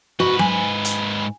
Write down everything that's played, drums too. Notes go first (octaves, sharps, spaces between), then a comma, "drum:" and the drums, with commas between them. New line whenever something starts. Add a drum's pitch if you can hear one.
G#2 F#4 B4
G#5, drum: tom F#3
drum: hi-hat